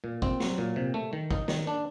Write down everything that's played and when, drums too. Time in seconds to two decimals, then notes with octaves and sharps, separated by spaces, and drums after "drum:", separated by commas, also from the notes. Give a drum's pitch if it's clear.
0.04 A#2
0.22 C4, drum: kick
0.40 F#3, drum: snare
0.58 A#2
0.76 C3
0.94 A3
1.13 D#3
1.31 D#4, drum: kick
1.48 D#3, drum: snare
1.67 D4